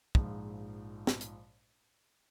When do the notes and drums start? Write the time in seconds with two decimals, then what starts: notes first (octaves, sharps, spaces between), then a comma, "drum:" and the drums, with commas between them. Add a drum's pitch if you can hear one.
0.15 A#1 G#2 F3 G#3, drum: kick
1.07 drum: snare
1.21 drum: hi-hat